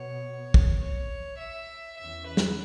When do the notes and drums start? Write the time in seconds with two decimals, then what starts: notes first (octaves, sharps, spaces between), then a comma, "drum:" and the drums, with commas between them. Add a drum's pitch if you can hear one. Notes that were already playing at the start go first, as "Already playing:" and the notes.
Already playing: B2 B3 C#5
0.54 drum: kick
0.81 C#5
1.38 E5
1.98 E2 E3 C#4 E5
2.27 B4
2.37 drum: snare